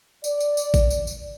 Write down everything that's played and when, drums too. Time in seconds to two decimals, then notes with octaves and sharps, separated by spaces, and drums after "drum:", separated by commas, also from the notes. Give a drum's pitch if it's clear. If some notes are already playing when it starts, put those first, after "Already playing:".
0.24 D5, drum: tambourine
0.40 drum: tambourine
0.57 drum: tambourine
0.74 drum: kick A1, tambourine
0.90 drum: tambourine
1.07 drum: tambourine